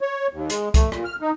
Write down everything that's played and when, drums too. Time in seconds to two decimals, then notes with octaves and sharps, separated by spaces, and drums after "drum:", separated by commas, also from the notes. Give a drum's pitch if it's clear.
0.01 C#5
0.33 D#2
0.50 G#3, drum: hi-hat
0.74 A3, drum: kick, hi-hat
0.92 A#2, drum: rim click
1.05 F6
1.21 D#4